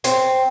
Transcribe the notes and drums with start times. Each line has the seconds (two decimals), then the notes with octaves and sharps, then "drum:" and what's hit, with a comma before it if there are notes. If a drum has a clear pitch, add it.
0.04 C4, drum: hi-hat